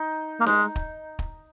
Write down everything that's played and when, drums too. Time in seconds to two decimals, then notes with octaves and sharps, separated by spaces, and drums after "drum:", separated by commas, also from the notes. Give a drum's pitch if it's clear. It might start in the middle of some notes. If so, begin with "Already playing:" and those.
Already playing: D#4
0.41 A#3
0.47 G#3, drum: snare D#4
0.76 drum: kick
1.19 drum: kick